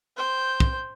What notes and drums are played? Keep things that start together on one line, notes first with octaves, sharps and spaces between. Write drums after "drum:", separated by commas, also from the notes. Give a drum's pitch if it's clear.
C5 G5
drum: kick